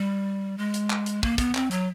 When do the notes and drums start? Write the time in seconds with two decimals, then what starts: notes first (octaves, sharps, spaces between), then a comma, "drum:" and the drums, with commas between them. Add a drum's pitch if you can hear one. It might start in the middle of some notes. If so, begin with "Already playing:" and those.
Already playing: G3
0.58 G#3
0.74 drum: hi-hat
0.90 drum: clap
1.06 drum: hi-hat
1.23 A#3, drum: kick
1.38 B3, drum: kick, hi-hat
1.55 C4, drum: clap
1.71 F#3, drum: hi-hat